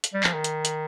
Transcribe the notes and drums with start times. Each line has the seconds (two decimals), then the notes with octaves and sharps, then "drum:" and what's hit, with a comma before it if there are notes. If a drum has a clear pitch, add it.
0.04 drum: hi-hat
0.14 G3
0.23 F3, drum: clap
0.34 D#3
0.44 drum: hi-hat
0.65 drum: hi-hat